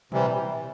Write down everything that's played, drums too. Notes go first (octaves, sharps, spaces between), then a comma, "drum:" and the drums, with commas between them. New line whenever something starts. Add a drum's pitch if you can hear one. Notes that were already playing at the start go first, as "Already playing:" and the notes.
C3 E3 G3, drum: tom